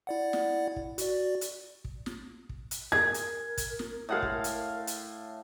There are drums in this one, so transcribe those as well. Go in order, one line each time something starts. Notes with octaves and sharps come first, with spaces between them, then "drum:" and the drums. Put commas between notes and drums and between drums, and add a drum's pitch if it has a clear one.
E4 D5 F#5
drum: snare
drum: kick
F#4 D5, drum: hi-hat
drum: hi-hat
drum: kick
drum: snare
drum: kick
drum: hi-hat
G#4 A#4 G#6
drum: hi-hat
drum: kick, hi-hat
drum: snare
A2 G#3 F5 F#5 D#6
drum: kick
drum: hi-hat
drum: hi-hat